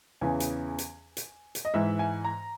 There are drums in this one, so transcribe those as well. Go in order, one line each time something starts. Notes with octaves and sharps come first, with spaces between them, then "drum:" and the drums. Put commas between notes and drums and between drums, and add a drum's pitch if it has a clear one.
E2 C#3 E3 G#5
drum: hi-hat
drum: hi-hat
drum: hi-hat
drum: hi-hat
D#5
G#2 E3 E5
G#5
A#5